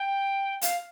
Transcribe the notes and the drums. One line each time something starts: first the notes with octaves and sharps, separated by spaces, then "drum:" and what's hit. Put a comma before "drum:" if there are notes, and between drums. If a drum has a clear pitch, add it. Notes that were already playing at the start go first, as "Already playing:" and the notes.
Already playing: G5
F5, drum: hi-hat